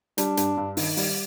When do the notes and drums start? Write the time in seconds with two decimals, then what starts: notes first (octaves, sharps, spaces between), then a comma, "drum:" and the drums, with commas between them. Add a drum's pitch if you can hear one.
0.18 G3 D4, drum: hi-hat
0.37 G2, drum: hi-hat
0.57 G2
0.77 D#3, drum: open hi-hat
0.97 G3, drum: open hi-hat